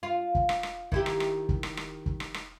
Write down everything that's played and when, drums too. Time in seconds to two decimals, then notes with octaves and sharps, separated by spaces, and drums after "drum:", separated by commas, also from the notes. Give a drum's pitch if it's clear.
0.03 F4
0.35 drum: kick
0.49 drum: rim click
0.63 drum: rim click
0.92 D#3 E4 G4, drum: kick
1.06 drum: rim click
1.20 drum: rim click
1.49 drum: kick
1.63 drum: rim click
1.77 drum: rim click
2.06 drum: kick
2.20 drum: rim click
2.34 drum: rim click